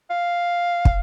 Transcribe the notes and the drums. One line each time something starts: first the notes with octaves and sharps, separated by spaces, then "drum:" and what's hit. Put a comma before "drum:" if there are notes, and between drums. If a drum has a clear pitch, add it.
F5
drum: kick